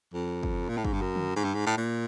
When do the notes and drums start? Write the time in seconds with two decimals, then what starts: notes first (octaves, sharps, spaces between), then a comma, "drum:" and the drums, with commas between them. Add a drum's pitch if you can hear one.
0.14 F2
0.43 drum: kick
0.69 A#2
0.77 A2
0.85 G#2, drum: kick
0.93 G2
1.01 F#2
1.16 drum: tom D3
1.36 G#2
1.44 G2
1.55 G#2
1.66 A2
1.77 A#2